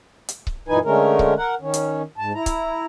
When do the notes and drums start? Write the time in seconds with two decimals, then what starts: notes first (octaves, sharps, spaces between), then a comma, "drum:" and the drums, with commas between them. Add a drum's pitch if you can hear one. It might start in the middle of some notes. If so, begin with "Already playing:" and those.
0.29 drum: hi-hat
0.47 drum: kick C#1
0.68 F#2 A#2 E3 D#4 B4 G#5
0.85 D3 G#3 A3 C#4 A#4
1.19 drum: kick C#1
1.37 A#4 F#5
1.61 D#3 C#4
1.74 drum: hi-hat
2.18 G#2 A5
2.35 E4 A#5
2.46 drum: kick C#1, hi-hat